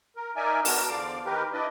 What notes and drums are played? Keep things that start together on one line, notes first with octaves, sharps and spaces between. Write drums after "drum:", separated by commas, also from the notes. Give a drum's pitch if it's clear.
A#4
D#4 A#4 D5 E5 G#5
B3 D4 F#4 A#4, drum: open hi-hat
E2 D3 F3 D5 F5 D6
D#3 G4 A#4 B4
D4 E4 B4 D5 D#5